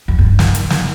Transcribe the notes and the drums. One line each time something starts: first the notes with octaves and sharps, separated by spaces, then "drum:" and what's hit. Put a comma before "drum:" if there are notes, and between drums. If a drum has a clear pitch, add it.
F2
G2
drum: snare
drum: hi-hat
drum: snare